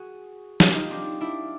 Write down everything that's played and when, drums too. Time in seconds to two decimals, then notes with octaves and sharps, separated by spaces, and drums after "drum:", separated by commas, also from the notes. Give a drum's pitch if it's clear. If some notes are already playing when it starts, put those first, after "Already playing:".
Already playing: F#4 G#4
0.60 F4 G4, drum: snare
0.75 D#4 F4
0.90 C4 D4
1.21 D4 E4